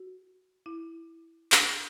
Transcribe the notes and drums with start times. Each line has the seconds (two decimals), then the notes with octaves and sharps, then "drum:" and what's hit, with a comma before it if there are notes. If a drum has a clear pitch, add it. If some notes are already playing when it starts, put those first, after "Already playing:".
Already playing: F#4
0.66 E4
1.52 D4, drum: clap